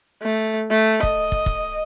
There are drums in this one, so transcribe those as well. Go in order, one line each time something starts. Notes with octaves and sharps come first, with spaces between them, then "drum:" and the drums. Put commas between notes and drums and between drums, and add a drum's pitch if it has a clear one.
A3
A3
D#5, drum: kick
drum: kick
drum: kick